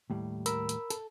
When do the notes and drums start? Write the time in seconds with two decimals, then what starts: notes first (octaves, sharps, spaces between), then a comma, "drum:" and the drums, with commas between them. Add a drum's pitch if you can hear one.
0.10 D#2 A2 G3
0.46 A#4 B5 E6, drum: hi-hat
0.69 drum: hi-hat
0.90 A4, drum: hi-hat